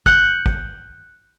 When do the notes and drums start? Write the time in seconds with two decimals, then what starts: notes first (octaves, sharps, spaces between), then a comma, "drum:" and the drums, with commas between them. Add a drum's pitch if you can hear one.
0.06 F#6 G6 C#7, drum: kick
0.46 drum: kick